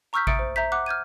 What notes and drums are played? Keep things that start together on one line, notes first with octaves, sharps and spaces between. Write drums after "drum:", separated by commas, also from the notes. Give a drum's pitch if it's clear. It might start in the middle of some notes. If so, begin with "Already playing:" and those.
A#5 C#6 E6 F6 G6 B6
E5 A#5 D#6 A6 C#7 D7, drum: kick G#1
C5
E5 A#5 G6 B6
F#5 D6 F#6
F6 G6 G#6 D#7